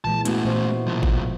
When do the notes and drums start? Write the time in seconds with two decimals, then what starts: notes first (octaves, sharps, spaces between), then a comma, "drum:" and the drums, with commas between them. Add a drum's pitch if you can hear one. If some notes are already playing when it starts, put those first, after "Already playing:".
0.05 A#2 E3 G#3 A5
0.25 A3 B3 C#4 E4 F#4, drum: hi-hat
0.45 A#2 C5
0.87 B1 F3
1.03 drum: kick G#1